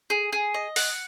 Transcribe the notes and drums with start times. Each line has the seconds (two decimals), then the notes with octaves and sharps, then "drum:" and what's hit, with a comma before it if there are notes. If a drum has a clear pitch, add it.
0.10 G#4
0.32 G#4
0.54 D#5
0.76 F#5, drum: open hi-hat